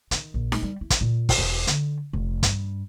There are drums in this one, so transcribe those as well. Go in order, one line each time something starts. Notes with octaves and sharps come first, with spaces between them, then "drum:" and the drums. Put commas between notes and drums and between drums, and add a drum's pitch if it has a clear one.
D#3, drum: hi-hat
A#1
drum: snare D#4
G3
E4
drum: kick, hi-hat
A#2
drum: kick, open hi-hat
E1
D3, drum: hi-hat
F1
G2, drum: kick, hi-hat